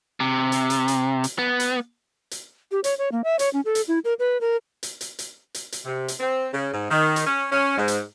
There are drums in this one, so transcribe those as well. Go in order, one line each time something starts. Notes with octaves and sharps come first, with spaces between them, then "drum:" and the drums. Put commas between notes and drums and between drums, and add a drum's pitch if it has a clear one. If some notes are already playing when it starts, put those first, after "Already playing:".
C3
drum: hi-hat
drum: hi-hat
drum: hi-hat
drum: hi-hat
B3
drum: hi-hat
drum: hi-hat
G4
C#5, drum: hi-hat
C#5
A#3
E5
C#5, drum: hi-hat
C#4
A4
drum: hi-hat
E4
A#4
B4
A#4
drum: hi-hat
drum: hi-hat
drum: hi-hat
drum: hi-hat
drum: hi-hat
C3
drum: hi-hat
C4
C#3
G#2
D#3
drum: hi-hat
C#4
C#4
G#2
drum: hi-hat